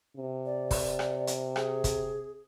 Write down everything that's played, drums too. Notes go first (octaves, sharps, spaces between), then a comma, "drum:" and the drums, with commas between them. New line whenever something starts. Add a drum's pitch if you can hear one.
C3
D5
drum: kick, open hi-hat
drum: rim click
drum: hi-hat
G#4, drum: rim click
drum: kick, hi-hat